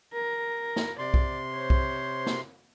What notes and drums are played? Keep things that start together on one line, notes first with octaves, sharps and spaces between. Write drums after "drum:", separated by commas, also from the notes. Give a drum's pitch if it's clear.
A#4
drum: snare
C3 D5 C6
drum: kick B1
C5 C#5
drum: kick B1
drum: snare